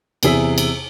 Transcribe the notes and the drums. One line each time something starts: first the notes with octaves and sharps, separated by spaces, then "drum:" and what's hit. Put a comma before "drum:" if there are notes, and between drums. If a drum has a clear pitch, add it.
E2 C3 E4 G#4 E6 B6, drum: cymbal
drum: cymbal